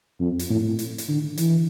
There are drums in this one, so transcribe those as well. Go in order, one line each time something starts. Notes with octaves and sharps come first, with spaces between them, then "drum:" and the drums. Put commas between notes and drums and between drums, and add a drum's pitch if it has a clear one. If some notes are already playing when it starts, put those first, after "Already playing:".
F2
drum: hi-hat
A2
drum: hi-hat
drum: hi-hat
D3
E3, drum: hi-hat